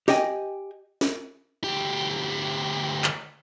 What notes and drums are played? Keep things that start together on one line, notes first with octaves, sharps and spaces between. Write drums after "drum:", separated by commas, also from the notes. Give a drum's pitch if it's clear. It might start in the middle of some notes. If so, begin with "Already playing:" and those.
G4 D#5 G5 G#5, drum: snare
drum: snare
D2 G4
drum: clap